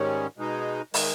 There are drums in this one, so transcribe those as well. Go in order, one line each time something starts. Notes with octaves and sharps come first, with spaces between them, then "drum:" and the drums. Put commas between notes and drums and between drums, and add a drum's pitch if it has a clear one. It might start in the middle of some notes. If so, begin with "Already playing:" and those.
Already playing: G#2 D#3 G3 C#4
B2 G#3 D#4
D#3 G#3, drum: open hi-hat